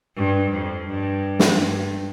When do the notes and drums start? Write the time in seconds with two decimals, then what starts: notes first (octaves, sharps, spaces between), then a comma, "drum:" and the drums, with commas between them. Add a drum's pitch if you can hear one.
0.16 G2
0.51 F2
0.87 G2
1.39 drum: snare
1.58 G2